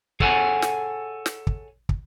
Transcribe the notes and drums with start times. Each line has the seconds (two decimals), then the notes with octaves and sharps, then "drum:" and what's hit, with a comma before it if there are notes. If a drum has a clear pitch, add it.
0.20 G#4 A4 C#5 F#5 G#5, drum: kick
0.62 drum: snare
1.26 drum: snare
1.47 drum: kick
1.89 drum: kick